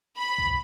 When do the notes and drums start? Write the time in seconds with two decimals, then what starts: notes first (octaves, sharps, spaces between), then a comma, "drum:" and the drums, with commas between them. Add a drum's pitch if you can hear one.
0.18 B5
0.38 drum: kick C2